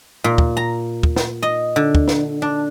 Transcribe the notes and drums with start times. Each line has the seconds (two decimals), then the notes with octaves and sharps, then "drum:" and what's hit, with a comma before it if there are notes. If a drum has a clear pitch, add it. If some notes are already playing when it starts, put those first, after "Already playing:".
0.24 A#2
0.38 drum: kick
0.57 A#5
1.03 drum: kick
1.16 drum: snare
1.43 D#5
1.76 D3
1.95 drum: kick
2.08 drum: snare
2.42 D4